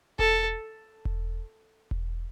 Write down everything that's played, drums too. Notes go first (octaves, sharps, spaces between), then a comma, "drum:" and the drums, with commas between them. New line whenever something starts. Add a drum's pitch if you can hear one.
A4, drum: kick E1
drum: kick E1
drum: kick E1